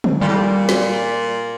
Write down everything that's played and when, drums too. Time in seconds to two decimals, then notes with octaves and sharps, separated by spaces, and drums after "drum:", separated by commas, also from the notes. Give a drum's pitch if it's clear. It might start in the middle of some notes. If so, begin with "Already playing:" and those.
0.04 drum: tom D3
0.21 A#2 G3
0.28 A2
0.36 A#2
0.69 drum: snare